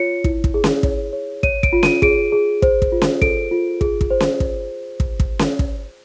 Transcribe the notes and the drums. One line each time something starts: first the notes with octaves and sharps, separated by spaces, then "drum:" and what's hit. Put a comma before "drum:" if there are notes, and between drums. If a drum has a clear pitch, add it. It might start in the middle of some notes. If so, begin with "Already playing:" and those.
Already playing: F4 C#5 C#7
E4, drum: kick
drum: kick
G#4
drum: snare C#4
C#5, drum: kick
C#5
C#5 D#7, drum: kick
D7, drum: kick
F4
D#7, drum: snare C#4
G#4 D7, drum: kick
G#4
C5, drum: kick
drum: kick
F4
drum: snare C#4
A4 D7, drum: kick
F4
G#4, drum: kick
drum: kick
C5
drum: snare C#4
drum: kick
drum: kick
drum: kick
drum: snare C#4
drum: kick